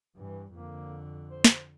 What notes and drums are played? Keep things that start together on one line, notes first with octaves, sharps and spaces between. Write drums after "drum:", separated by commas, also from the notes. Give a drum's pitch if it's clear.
G2 E3
F2 D3 A#3
C5
drum: snare